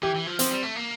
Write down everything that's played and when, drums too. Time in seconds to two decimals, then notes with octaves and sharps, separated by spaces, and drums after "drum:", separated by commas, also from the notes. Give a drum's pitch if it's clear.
0.03 E3 G4
0.15 E3
0.27 F3
0.39 F3 C4, drum: hi-hat
0.51 G3
0.63 A3
0.76 A#3